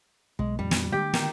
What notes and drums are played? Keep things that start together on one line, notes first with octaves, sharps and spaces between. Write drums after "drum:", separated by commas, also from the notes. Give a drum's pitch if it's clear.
B1 G#3
F2 A#2 D#3 G3
drum: snare
D3 G#3 A#3 G4
D#3, drum: snare